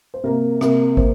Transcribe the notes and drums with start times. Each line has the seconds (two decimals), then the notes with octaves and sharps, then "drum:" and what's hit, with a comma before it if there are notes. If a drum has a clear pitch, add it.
0.14 C5
0.24 C3 A#3 A#4
0.61 C3 A#3, drum: rim click
0.97 A#3 C5, drum: kick